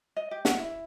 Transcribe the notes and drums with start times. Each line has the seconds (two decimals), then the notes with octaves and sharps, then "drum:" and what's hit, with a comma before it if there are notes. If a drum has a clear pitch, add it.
0.16 D#5
0.31 G4
0.45 F#5, drum: snare
0.59 E4